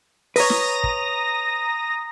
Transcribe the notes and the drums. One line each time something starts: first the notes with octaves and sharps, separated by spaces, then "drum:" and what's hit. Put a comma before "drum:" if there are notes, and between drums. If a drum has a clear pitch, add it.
B4 C#5 A#5 D#6 A#6, drum: open hi-hat
drum: snare
drum: kick